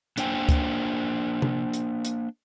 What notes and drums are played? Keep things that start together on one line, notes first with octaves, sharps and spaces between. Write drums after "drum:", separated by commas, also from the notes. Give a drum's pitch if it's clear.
A#3 D4 C5 G5 G#5, drum: hi-hat
drum: kick C#2, hi-hat
drum: tom
drum: hi-hat
drum: hi-hat